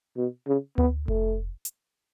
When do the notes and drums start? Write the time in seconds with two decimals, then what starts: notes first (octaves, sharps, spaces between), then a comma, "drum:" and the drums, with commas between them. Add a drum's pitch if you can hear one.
0.17 B2
0.47 C#3
0.78 B3, drum: tom D2
1.08 A3, drum: kick F1
1.65 drum: hi-hat